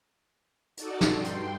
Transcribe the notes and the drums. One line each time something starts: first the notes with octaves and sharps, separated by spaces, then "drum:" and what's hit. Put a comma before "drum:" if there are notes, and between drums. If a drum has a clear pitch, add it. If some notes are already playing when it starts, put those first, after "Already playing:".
D#4 F#4 A4 D5, drum: hi-hat
drum: snare
G2 G5 C6
drum: hi-hat